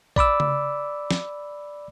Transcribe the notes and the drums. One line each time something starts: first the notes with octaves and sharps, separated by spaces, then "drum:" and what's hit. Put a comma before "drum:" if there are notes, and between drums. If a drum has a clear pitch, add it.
D5 B5 D6 E6, drum: kick A#1
drum: tom C#3
drum: snare